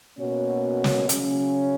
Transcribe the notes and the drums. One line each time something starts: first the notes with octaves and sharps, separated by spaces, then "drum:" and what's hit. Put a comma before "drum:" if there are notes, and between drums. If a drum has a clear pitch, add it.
B2 A#3 C#4 F#4 C#5
drum: snare
C#3 F#3 C#4, drum: hi-hat